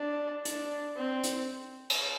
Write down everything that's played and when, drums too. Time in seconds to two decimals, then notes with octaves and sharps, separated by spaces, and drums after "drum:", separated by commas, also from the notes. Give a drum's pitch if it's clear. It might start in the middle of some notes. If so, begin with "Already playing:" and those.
Already playing: D4
0.45 D4, drum: hi-hat
0.97 C4
1.23 drum: hi-hat
1.90 drum: cymbal